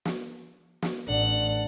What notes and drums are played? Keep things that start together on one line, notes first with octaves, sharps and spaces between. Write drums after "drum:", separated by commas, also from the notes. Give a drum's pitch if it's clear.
drum: snare
drum: snare
A1 D4 F#5